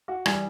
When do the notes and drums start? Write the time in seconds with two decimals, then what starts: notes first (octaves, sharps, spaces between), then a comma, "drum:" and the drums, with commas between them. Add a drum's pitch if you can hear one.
0.08 F#4
0.26 E3 G3 G#4, drum: rim click